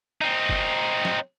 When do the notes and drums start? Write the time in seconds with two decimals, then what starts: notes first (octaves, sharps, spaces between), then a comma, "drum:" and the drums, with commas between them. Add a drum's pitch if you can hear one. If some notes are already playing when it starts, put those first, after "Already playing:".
0.21 C4 D#4
0.49 drum: kick
1.05 drum: snare